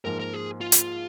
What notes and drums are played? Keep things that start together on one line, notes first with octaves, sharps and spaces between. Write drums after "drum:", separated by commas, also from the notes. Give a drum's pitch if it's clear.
G#2 F3 A#3 A#4
A#4
G#4
F4
drum: hi-hat